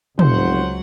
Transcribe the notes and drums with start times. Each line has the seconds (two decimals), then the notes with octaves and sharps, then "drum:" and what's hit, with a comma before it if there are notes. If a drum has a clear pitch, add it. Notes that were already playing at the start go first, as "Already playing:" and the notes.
0.19 F1 C#2 F#3 C5 F#5, drum: tom